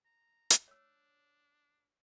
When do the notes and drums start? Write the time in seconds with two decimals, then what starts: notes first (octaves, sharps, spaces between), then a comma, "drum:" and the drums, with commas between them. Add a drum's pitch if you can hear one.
0.05 A#5
0.50 drum: hi-hat
0.68 D4 C#5 E6